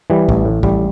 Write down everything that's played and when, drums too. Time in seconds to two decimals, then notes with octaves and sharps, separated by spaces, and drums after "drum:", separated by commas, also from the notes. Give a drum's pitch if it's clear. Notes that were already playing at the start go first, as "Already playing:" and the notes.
0.10 E3 G3
0.29 A1, drum: kick
0.45 A2
0.63 A1 G3, drum: kick